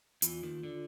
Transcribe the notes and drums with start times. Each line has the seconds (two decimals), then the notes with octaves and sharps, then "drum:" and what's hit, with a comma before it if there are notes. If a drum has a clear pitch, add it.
0.22 E2 E3 F4, drum: hi-hat
0.43 D#2 D#3
0.63 D3